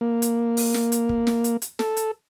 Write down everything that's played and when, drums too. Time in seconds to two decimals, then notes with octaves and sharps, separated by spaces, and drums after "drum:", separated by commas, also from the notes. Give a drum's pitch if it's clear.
0.01 A#3
0.22 drum: hi-hat
0.57 drum: open hi-hat
0.74 drum: snare
0.92 drum: hi-hat
1.09 drum: kick
1.27 drum: snare
1.44 drum: hi-hat
1.62 drum: hi-hat
1.79 A4, drum: snare
1.97 drum: hi-hat